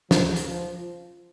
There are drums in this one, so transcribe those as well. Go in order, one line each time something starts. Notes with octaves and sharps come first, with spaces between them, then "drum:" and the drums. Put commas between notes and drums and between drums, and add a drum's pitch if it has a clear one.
F3, drum: snare
drum: hi-hat
F3